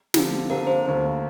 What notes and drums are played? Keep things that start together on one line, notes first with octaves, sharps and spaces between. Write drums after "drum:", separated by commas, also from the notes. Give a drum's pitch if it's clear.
D3 F3 C4 G4, drum: snare
D3 A#3 G4 A#4 C5 F5
C5
D2 D3 A#3